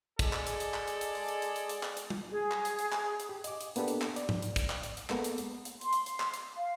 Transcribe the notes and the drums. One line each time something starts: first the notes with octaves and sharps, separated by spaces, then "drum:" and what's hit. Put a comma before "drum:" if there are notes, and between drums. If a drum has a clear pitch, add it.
G#3 G#4 A4 D5, drum: kick, hi-hat
drum: clap
drum: hi-hat
drum: hi-hat
drum: clap
drum: hi-hat
drum: hi-hat
drum: open hi-hat
drum: hi-hat
drum: hi-hat
drum: hi-hat
drum: hi-hat
drum: clap
drum: hi-hat
drum: tom G3
G#4
drum: clap
drum: hi-hat
drum: hi-hat
drum: clap
drum: hi-hat
G4
D#5 D6, drum: hi-hat
drum: hi-hat
A#3 B3 D4 G4 A4 B4, drum: hi-hat
drum: hi-hat
drum: clap
D5, drum: hi-hat
drum: tom G#2
drum: hi-hat
drum: kick, hi-hat
drum: clap
drum: hi-hat
drum: hi-hat
G#3 A#3 B3 A4, drum: clap
drum: hi-hat
drum: hi-hat
drum: hi-hat
C6, drum: hi-hat
drum: hi-hat
drum: hi-hat
drum: clap
drum: hi-hat
F5